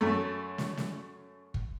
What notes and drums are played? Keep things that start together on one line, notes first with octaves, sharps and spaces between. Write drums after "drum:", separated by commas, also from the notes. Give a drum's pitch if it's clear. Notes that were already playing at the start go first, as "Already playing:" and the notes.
F#2 A3
drum: snare
drum: snare
drum: kick